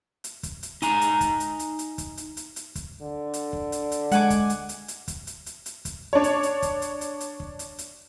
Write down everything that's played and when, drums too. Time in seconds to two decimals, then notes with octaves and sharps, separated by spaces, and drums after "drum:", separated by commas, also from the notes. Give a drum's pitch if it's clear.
0.24 drum: hi-hat
0.43 drum: kick, hi-hat
0.63 drum: hi-hat
0.82 D#4 G#5 A#5, drum: hi-hat
1.01 drum: hi-hat
1.21 drum: kick, hi-hat
1.40 drum: hi-hat
1.59 drum: hi-hat
1.79 drum: hi-hat
1.98 drum: kick, hi-hat
2.17 drum: hi-hat
2.37 drum: hi-hat
2.56 drum: hi-hat
2.75 drum: kick, hi-hat
3.02 D3
3.33 drum: hi-hat
3.53 drum: kick
3.72 drum: hi-hat
3.92 drum: hi-hat
4.12 G#3 F#5 G#5 D6, drum: hi-hat
4.30 drum: kick, hi-hat
4.50 drum: hi-hat
4.69 drum: hi-hat
4.88 drum: hi-hat
5.08 drum: kick, hi-hat
5.27 drum: hi-hat
5.46 drum: hi-hat
5.66 drum: hi-hat
5.85 drum: kick, hi-hat
6.13 D4 C#5
6.24 drum: hi-hat
6.43 drum: hi-hat
6.62 drum: kick, hi-hat
6.82 drum: hi-hat
7.01 drum: hi-hat
7.20 drum: hi-hat
7.40 drum: kick
7.59 drum: hi-hat
7.78 drum: hi-hat